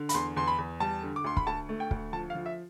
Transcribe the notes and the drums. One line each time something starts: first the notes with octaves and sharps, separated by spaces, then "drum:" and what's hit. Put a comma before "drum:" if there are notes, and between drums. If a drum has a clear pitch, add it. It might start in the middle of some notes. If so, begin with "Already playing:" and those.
Already playing: D3
B5, drum: hi-hat
E2 C6
E2 C6
B5
E2
G3 A5
D3
D6
D2 C6
B5, drum: kick
D2 A5
A3
G5
D2, drum: kick
F3 A5
F5
F3
E5